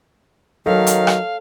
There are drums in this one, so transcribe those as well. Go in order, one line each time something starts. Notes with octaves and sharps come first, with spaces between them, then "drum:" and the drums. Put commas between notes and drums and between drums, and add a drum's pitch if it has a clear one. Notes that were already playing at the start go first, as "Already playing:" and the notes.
D#3 F#3 A4 C#5 F5
drum: hi-hat
drum: rim click